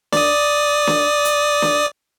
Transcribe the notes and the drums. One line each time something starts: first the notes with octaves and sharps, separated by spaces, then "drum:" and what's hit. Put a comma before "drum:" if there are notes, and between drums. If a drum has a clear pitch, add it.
D5 D#6, drum: snare
drum: snare
drum: hi-hat
drum: snare